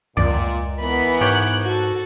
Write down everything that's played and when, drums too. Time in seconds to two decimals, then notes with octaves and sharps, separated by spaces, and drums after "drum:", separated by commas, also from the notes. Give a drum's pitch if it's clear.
0.17 C#2 A#2 D5, drum: tom F2
0.80 E3 B3 A#4 B5
1.21 G#2 G4 C#5 G5 F#6
1.63 F#4 A4